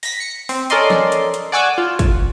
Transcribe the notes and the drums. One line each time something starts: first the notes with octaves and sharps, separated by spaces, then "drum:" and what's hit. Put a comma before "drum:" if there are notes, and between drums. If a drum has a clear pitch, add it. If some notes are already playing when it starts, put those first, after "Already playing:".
A#6 B6, drum: open hi-hat
C#7
C4, drum: open hi-hat
C#4 A4 A#4 D5 D#5 C6, drum: hi-hat
drum: snare
drum: hi-hat
drum: hi-hat
D5 F#5 G#5 C#6 D6 E6
F4
drum: kick, hi-hat